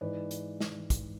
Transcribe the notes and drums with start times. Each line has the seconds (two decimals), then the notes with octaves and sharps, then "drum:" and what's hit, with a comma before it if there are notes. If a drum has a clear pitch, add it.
0.01 G#2 E3 B4 D5
0.31 drum: hi-hat
0.61 drum: snare
0.90 drum: kick, hi-hat